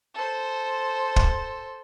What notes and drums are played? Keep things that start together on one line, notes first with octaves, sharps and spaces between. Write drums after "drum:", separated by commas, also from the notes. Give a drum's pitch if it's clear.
A4 C5
drum: kick